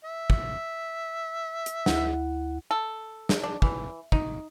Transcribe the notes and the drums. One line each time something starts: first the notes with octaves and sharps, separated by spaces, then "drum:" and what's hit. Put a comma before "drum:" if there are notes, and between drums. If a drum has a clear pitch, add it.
E5
drum: kick
drum: hi-hat
D2 E4 F#5, drum: snare
A4
drum: snare
D4
E3, drum: kick
D#4, drum: kick